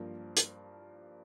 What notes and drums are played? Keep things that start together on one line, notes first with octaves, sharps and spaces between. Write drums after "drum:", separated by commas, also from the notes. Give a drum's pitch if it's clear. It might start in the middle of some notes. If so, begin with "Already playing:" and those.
Already playing: G2 F3 A#3
drum: hi-hat